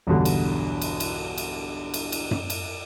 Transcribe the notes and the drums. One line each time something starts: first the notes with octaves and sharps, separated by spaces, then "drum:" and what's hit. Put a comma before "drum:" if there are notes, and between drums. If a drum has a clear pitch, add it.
B1 E2 G2 B2 D3
drum: cymbal
drum: cymbal
drum: cymbal
drum: cymbal
drum: cymbal
drum: cymbal
drum: tom F#2
drum: cymbal